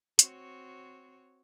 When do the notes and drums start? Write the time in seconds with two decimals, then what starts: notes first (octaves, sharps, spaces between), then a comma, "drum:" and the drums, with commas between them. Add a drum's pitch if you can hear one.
0.19 C4 F#4 C#5, drum: hi-hat